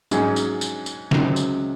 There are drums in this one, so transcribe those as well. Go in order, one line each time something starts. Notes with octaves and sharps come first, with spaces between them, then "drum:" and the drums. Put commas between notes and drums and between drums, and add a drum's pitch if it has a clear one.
G#2 F#3 C#4 G#4, drum: tambourine
drum: tambourine
drum: tambourine
drum: tambourine
C#2 C#3 F#3 C4, drum: snare
drum: tambourine